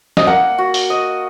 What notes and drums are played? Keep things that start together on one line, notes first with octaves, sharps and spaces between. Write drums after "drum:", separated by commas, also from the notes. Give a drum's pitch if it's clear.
D#5, drum: snare
A#3 F#5
F#4
drum: open hi-hat
D#5